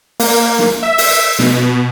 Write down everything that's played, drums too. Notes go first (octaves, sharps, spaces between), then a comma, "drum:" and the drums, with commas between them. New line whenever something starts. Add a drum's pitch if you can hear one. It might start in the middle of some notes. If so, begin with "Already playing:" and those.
A#3, drum: open hi-hat
drum: snare
E5
drum: open hi-hat
B2, drum: snare